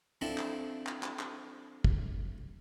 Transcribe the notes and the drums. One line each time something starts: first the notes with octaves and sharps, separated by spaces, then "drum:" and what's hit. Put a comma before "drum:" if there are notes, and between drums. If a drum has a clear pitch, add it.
F3 C4 D4 E4 A4
drum: clap
drum: clap
drum: clap
drum: clap
drum: kick